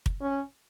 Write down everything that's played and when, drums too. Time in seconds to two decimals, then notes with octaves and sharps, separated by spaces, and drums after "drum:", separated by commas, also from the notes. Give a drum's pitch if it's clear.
0.06 drum: kick
0.21 C#4